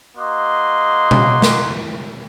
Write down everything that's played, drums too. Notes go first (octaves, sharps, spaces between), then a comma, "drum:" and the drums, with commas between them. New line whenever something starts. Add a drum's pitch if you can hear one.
A#3 F#4 D#5 C6
drum: tom B2
drum: snare